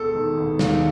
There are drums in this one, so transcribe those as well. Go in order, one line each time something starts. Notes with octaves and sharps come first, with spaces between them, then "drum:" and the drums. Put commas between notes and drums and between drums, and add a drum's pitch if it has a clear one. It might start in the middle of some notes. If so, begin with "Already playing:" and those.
Already playing: E1 A4
D#3
E1
D#2, drum: snare